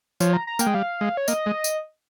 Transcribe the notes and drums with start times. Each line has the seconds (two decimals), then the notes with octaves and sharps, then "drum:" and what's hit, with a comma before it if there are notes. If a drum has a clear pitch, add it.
0.20 F3 C#5, drum: tambourine
0.33 A#5
0.47 A#5
0.59 A#3 G5, drum: tambourine
0.67 G#3
0.74 G3 F5
1.01 G#3
1.17 C#5
1.28 A#3 D#5, drum: tambourine
1.46 G#3
1.64 drum: tambourine